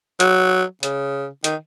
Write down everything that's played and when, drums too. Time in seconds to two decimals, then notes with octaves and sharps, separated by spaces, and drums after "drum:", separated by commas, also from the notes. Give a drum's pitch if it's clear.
0.20 F#3, drum: hi-hat
0.83 C#3, drum: hi-hat
1.44 D#3, drum: hi-hat